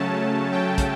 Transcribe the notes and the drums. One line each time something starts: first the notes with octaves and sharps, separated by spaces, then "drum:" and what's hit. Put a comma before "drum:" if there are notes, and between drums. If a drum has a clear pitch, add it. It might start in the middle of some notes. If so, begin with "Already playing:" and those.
Already playing: C#3 F#3 A3 C#4 A5
G5
drum: kick, hi-hat